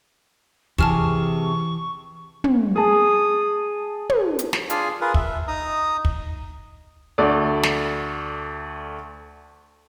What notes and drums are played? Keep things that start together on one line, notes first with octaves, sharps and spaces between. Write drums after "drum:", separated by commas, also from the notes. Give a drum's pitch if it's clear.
C3 E3 G#4 A5 C#6 F6 E7, drum: kick
drum: tom
G#4 A5 D#6
drum: tom
drum: hi-hat
drum: snare
D4 F4 G#4 F5 G#5, drum: hi-hat
F4 G#4 A#4 B4
E5, drum: kick
D#4 A#5 D#6
drum: kick
D2 A3 D5
drum: snare